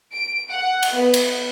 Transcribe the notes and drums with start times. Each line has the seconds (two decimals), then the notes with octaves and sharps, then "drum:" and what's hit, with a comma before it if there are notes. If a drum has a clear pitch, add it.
0.13 D7
0.52 F#5
0.83 drum: cymbal
0.92 B3
1.14 drum: cymbal